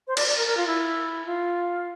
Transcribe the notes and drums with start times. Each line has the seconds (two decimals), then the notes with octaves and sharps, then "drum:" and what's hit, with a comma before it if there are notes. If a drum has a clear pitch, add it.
0.07 C5
0.17 D5, drum: cymbal
0.27 D5
0.37 A#4
0.47 A#4
0.57 F4
0.67 E4
1.26 F4